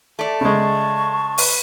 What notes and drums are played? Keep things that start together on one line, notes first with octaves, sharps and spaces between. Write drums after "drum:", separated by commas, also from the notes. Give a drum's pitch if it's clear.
A3 D5 A5
C#3 G#3 C#6
B4, drum: open hi-hat